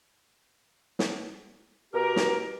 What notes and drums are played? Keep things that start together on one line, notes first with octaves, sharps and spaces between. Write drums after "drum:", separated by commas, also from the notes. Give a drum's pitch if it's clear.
drum: snare
B2 G4 A#4
drum: snare